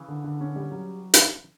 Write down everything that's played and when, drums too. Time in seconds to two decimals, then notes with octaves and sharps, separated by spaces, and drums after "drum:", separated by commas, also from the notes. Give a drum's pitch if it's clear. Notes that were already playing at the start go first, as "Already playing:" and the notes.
Already playing: C#3 E3
0.08 D3
0.24 D3
0.40 C#4
0.56 G3
0.72 F#3
1.14 drum: hi-hat